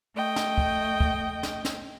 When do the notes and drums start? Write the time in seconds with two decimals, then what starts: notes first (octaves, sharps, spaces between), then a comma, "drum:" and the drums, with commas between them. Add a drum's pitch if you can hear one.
0.15 A3 D#5 G5
0.36 drum: snare
0.58 drum: kick
1.00 drum: kick
1.43 drum: snare
1.65 drum: snare